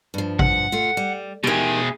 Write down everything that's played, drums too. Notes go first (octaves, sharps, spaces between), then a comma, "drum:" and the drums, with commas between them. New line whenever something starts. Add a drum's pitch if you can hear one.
G2 F3
F#5, drum: kick G#1
A3 F4
G3
B2 D#3 G4 G#4